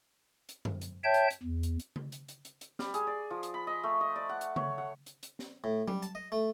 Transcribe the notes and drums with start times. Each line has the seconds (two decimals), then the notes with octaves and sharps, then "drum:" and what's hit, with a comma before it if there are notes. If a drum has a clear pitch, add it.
0.49 drum: hi-hat
0.65 drum: tom F#2
0.81 drum: hi-hat
1.04 C#5 E5 G5 A5 G6
1.14 drum: hi-hat
1.30 drum: hi-hat
1.43 E2
1.63 drum: hi-hat
1.79 drum: hi-hat
1.96 drum: tom C#3
2.12 drum: hi-hat
2.29 drum: hi-hat
2.45 drum: hi-hat
2.61 drum: hi-hat
2.79 G3, drum: snare
2.94 G#4, drum: hi-hat
3.07 D5
3.31 F3
3.43 drum: hi-hat
3.54 B5
3.67 D#5
3.83 A3
4.01 D#5
4.16 D5
4.29 F#5
4.41 drum: hi-hat
4.56 C#5, drum: tom C#3
4.78 F#5
5.06 drum: hi-hat
5.23 drum: hi-hat
5.39 drum: snare
5.64 A2
5.88 G3, drum: tom F#3
6.02 A5, drum: hi-hat
6.15 D#5
6.32 A3